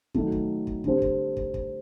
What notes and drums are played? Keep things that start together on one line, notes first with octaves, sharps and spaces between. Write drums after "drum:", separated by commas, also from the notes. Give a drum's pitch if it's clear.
D#3 F#3 A3, drum: kick
drum: kick
drum: kick
D3 G3 C4, drum: kick
drum: kick
drum: kick
drum: kick